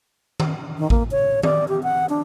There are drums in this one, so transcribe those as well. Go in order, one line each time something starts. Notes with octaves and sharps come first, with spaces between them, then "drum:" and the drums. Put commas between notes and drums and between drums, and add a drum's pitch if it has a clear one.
drum: tom D#3
D#3
A#3, drum: kick A1
C#5
D5, drum: tom D#3
G4
F#5
D4